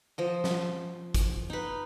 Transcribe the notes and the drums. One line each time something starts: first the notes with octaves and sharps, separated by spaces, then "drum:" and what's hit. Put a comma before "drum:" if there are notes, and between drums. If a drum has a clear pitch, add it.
F3 D#5
drum: snare
drum: kick, hi-hat
D#4 B4